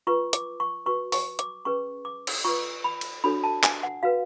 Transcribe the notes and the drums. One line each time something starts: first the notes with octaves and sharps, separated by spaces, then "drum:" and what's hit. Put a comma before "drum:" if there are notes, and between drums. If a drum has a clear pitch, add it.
F4 B4 C#6
D6, drum: hi-hat
C#6
F#4 B4 C#6
C#6, drum: open hi-hat
D6, drum: hi-hat
C#4 G#4 B4 C#6
D6
drum: cymbal
F4 B4 C#6
B5
drum: cymbal
D4 F#4 A4 C#5 B5
A5
G#5, drum: clap
F#5
F#4 B4 F5